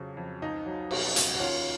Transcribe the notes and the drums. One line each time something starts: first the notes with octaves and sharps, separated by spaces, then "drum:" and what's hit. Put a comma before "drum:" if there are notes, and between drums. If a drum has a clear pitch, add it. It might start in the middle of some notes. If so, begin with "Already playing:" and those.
Already playing: F2 C#3 F#3
F2
C#2 D#4
F#3
B2, drum: cymbal
C#2, drum: hi-hat
F#4
D#2 C#4 F4